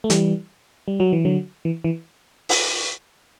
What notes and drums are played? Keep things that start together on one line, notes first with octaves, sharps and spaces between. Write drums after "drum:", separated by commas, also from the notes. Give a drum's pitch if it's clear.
A3
E3 G3, drum: hi-hat
G3
F#3
E3
D3 F#3
E3
E3
drum: open hi-hat